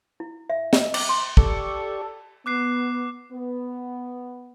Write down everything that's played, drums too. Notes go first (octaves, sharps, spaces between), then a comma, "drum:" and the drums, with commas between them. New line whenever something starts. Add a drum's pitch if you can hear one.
E4
E5
D#5, drum: snare
D6, drum: cymbal
C6
G4 A4 D5 C#6, drum: kick
B3 D6 F#6 C7
B3